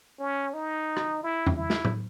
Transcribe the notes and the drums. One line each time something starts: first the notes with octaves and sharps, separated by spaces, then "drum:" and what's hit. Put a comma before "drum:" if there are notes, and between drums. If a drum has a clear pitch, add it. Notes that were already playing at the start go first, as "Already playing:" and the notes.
C#4
D#4
drum: rim click
E4
drum: tom E2
E4
drum: snare
drum: tom A2